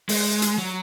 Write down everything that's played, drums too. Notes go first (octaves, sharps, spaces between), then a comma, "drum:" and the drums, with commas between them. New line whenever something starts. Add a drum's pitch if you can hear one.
G#3, drum: open hi-hat
drum: hi-hat
F#3